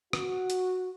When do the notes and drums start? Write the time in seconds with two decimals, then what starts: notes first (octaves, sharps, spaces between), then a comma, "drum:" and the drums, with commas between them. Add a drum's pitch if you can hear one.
0.13 F#4, drum: rim click
0.50 drum: hi-hat